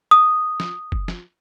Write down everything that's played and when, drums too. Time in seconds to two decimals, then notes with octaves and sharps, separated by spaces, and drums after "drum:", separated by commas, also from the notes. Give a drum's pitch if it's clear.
0.11 D#6
0.60 drum: snare
0.92 drum: kick F#1
1.08 drum: snare